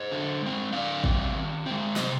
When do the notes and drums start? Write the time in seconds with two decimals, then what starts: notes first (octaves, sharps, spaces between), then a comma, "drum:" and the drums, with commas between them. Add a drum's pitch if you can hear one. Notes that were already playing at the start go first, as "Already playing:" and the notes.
Already playing: C5 D#5
0.12 D3
0.42 G#3 C4
0.72 D3 D5 F5
1.04 G3 C4, drum: kick G#1
1.35 D#3
1.66 G#3 C4
1.96 C3 C5 D#5, drum: snare